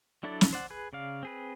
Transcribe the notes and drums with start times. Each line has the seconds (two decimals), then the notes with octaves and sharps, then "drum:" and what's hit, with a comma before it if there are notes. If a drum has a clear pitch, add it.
0.23 F#3 D4 E4 A4 D5
0.41 drum: snare
0.53 C5 D5 F#5
0.70 G#4 B4
0.93 C#3 D5 F5
1.23 C4 G#4 B4